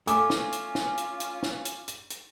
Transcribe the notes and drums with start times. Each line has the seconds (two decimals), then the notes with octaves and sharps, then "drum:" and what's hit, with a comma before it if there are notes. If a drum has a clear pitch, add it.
0.07 A3 C#4 F4 G#5 D6, drum: hi-hat
0.30 drum: snare
0.52 drum: hi-hat
0.75 drum: snare
0.98 drum: hi-hat
1.20 drum: hi-hat
1.43 drum: snare
1.65 drum: hi-hat
1.88 drum: hi-hat
2.10 drum: hi-hat